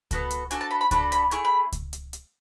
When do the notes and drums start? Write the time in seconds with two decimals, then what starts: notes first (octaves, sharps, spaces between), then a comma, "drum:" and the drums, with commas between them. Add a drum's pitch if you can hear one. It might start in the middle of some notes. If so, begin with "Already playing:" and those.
0.11 B3 F#4 A4, drum: kick C#2, hi-hat
0.30 drum: hi-hat
0.51 D4 F#4 A4 G#5, drum: hi-hat
0.61 A5
0.71 B5
0.81 B5
0.91 D4 F#4 A4 B5, drum: kick C#2, hi-hat
1.12 B5, drum: hi-hat
1.31 A3 E4 G#4 C#6, drum: hi-hat
1.45 B5
1.72 drum: kick C#2, hi-hat
1.93 drum: hi-hat
2.13 drum: hi-hat